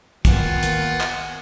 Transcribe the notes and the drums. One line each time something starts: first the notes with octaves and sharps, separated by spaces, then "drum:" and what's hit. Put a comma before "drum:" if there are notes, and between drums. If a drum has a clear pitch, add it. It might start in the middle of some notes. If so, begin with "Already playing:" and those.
D#3 A#3 B3 F4 F#5 G#5, drum: kick, hi-hat
drum: hi-hat
drum: clap